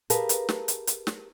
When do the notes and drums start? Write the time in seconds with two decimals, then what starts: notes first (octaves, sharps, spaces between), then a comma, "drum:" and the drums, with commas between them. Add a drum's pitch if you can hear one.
0.10 G4 G#4 A#4 B4 F5 A5, drum: hi-hat
0.29 drum: hi-hat
0.49 drum: snare
0.68 drum: hi-hat
0.87 drum: hi-hat
1.07 drum: snare